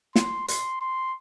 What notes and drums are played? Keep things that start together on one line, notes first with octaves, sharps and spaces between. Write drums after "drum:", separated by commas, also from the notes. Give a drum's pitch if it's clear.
C6, drum: snare
C6, drum: hi-hat
C6